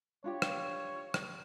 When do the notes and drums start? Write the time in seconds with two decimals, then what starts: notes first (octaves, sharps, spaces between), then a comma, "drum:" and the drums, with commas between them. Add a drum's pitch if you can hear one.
0.24 D4 F4 G4 C#5
0.42 drum: rim click
1.14 drum: rim click